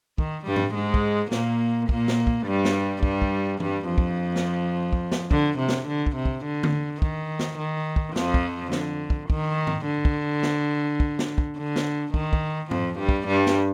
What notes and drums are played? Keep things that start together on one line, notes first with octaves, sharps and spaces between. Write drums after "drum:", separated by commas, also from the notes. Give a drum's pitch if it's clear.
D#3, drum: kick
G2 G3
drum: tom G2
G#2 G#3
drum: kick
A#2 A#3, drum: snare
A#2 A#3, drum: kick
drum: snare
drum: kick
G2 G3
drum: snare
G2 G3, drum: kick
drum: kick
G2 G3, drum: tom E3
F2 F3
drum: kick
drum: snare
drum: kick
drum: snare
D3, drum: kick
C3
drum: snare
D3
drum: kick
C3
drum: kick
D3
drum: tom D3
D#3, drum: kick
drum: snare
D#3
drum: kick
F2 F3, drum: snare
drum: kick
D3, drum: snare
drum: kick
D#3, drum: kick
drum: tom G2
D3
drum: kick
drum: snare
drum: kick
drum: snare
drum: kick
D3
drum: snare
D#3, drum: kick
drum: kick
F2 F3, drum: tom G2
G2 G3
drum: kick
G2 G3
drum: snare